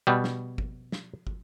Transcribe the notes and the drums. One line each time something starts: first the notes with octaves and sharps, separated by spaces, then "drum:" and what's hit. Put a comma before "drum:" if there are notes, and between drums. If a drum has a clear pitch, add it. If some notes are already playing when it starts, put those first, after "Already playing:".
B2 G3
drum: snare
drum: kick
drum: snare
drum: kick